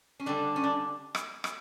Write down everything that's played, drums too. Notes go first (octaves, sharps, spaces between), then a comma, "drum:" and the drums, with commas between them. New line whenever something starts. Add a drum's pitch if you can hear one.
C#4
D3 G3 D4
C#4
D4
drum: rim click
drum: rim click